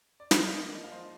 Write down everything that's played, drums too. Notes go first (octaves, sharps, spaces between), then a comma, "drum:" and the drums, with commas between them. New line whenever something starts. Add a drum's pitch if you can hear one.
D5
A#3 G#4 C5, drum: snare
D#5
A#3 A#4 D5
A#4 D5
F3
D#5
F5
F3 C5 D#5